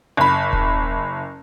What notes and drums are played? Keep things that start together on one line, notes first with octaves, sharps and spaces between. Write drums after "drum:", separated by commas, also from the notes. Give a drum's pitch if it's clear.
F#1 B5
drum: kick D#1